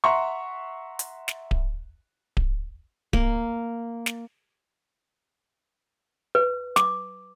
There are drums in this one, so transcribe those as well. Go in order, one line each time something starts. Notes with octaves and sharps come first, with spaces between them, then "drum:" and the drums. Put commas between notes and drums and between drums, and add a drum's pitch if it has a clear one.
E5 F#5 A#5 C6 C#6
drum: hi-hat
drum: snare
drum: kick D1
drum: kick D1
A#3, drum: kick D1
drum: snare
B4
D6, drum: snare